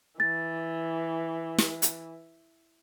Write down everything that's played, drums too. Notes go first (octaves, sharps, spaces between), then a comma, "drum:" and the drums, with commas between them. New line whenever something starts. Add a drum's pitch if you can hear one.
E3 A6
drum: snare
drum: hi-hat